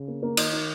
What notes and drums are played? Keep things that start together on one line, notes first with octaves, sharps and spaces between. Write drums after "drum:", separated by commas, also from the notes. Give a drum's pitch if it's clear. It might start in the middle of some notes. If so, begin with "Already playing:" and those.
Already playing: C#3
A#3
A#3
D#3 D#4, drum: cymbal
D#4